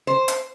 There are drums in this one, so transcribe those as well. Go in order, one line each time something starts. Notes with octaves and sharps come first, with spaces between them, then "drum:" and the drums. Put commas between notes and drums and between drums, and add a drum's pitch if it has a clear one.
C5
drum: hi-hat